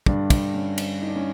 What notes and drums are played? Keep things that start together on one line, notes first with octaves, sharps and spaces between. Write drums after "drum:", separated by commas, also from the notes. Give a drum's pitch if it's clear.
G2 D3 G3 D4, drum: kick
drum: kick, cymbal
C#4
drum: cymbal
D#4
D4
C#4